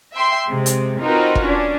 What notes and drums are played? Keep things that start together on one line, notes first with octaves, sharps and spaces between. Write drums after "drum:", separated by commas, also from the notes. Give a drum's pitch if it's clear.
E5 G5 C6
C3 G#3 C4
drum: hi-hat
C4 D#4 F4 F#4 A#4 B4
drum: kick
C#4 D4